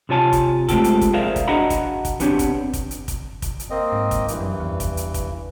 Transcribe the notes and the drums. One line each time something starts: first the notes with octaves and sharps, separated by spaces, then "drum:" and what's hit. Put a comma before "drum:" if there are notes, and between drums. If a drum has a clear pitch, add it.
C3 C4 F4 C#5 G#5 A5
drum: kick, hi-hat
G#3 A3 C4 F4 G4 A4, drum: kick, hi-hat
drum: hi-hat
drum: kick, hi-hat
G#4 A#4 C5 D5 E5 F5
drum: kick, hi-hat
D4 F#4 D#5 F#5 A#5 B5
drum: kick, hi-hat
drum: kick, hi-hat
B3 C4 D4 G4 C#5, drum: hi-hat
drum: kick, hi-hat
drum: kick, hi-hat
drum: hi-hat
drum: kick, hi-hat
drum: kick, hi-hat
drum: hi-hat
A#3 C4 D#5
G#2
drum: kick, hi-hat
G2 E3, drum: hi-hat
F#2
E2
drum: kick, hi-hat
drum: hi-hat
drum: kick, hi-hat